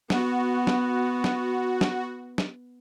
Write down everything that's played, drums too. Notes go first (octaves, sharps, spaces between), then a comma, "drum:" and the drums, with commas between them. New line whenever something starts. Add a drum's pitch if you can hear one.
B3 F#4, drum: snare
drum: snare
drum: snare
drum: snare
drum: snare